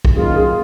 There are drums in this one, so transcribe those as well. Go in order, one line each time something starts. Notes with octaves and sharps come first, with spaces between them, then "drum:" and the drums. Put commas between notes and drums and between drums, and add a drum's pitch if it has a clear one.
drum: kick
F#2 D#3 A#3 F4 G#4
G#4